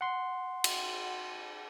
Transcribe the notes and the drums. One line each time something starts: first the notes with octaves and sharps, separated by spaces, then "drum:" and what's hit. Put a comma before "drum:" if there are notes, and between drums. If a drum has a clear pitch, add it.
F#5 C6
drum: cymbal